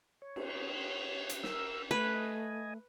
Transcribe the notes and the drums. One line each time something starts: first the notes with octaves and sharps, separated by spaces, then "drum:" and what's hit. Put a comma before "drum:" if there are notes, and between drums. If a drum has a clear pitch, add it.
C#5
drum: cymbal
drum: hi-hat
A#4 E6, drum: snare
A3 B4 G#5
D#5 G#5